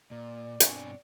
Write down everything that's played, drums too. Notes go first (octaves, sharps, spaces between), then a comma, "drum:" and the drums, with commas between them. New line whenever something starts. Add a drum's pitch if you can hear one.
A#2 D5
G2 B2 C4 D4 C#5 G#5, drum: hi-hat